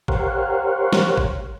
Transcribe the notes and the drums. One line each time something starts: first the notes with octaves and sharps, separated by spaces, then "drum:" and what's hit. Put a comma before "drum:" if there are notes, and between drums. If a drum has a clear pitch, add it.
G4 A#4 C5 C#5 F5 F#5, drum: kick
drum: snare
drum: kick